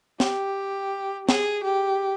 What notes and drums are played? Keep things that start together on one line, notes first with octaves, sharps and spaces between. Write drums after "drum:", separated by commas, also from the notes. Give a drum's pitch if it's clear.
G4, drum: snare
G#4, drum: snare
G4